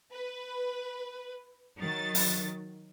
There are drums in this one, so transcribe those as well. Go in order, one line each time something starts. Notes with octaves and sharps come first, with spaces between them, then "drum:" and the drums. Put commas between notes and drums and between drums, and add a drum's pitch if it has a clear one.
B4
D#3 F#3 A6
drum: open hi-hat